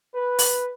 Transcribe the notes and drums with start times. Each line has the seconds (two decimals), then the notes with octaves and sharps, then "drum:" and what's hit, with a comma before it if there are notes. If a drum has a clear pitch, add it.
0.14 B4
0.39 drum: open hi-hat